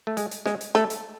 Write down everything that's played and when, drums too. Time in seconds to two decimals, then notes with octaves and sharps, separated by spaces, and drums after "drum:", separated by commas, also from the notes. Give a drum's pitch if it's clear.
0.07 A3
0.17 G#3, drum: hi-hat
0.31 drum: hi-hat
0.46 G#3, drum: snare
0.61 drum: hi-hat
0.75 A3 A4, drum: snare
0.90 drum: hi-hat